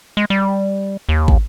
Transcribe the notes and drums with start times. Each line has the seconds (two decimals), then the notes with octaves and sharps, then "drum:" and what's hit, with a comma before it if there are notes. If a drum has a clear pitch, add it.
0.17 G#3
0.30 G3
1.09 D#2
1.28 drum: kick